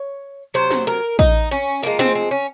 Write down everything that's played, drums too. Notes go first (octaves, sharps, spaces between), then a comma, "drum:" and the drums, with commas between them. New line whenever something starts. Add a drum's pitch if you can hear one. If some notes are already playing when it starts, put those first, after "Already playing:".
Already playing: C#5
C3 F#3 C5
drum: snare
A#4
D#4, drum: kick
C#4
A#2 F3 G#3 A#3
C4, drum: snare
C4
C#4